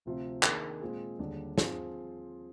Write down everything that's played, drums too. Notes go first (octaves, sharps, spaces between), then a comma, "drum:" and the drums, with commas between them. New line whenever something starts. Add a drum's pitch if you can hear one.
D2 C3 F3 C4 F4
D#3 A#3 D4 G#4, drum: clap
A#2 G#3 C4 F4 G#4
D#2 D3 G3 D4 G#4
F3 C4 F4 G#4, drum: snare